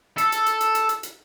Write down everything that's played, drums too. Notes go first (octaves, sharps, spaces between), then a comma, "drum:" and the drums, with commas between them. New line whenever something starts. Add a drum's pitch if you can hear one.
A4, drum: hi-hat
drum: hi-hat
drum: hi-hat
drum: hi-hat
drum: hi-hat
drum: hi-hat
drum: hi-hat